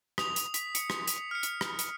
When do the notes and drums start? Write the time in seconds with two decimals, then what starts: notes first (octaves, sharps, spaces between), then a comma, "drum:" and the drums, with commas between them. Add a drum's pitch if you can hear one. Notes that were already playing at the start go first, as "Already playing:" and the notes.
0.18 D#6 F7, drum: rim click
0.36 drum: hi-hat
0.54 B6, drum: hi-hat
0.75 C#7, drum: hi-hat
0.90 drum: rim click
1.08 drum: hi-hat
1.31 F6 C#7
1.43 drum: hi-hat
1.61 drum: rim click
1.79 drum: hi-hat